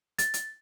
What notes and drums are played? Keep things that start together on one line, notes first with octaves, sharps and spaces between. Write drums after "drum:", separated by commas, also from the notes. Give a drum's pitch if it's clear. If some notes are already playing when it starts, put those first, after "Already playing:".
A6, drum: hi-hat
drum: hi-hat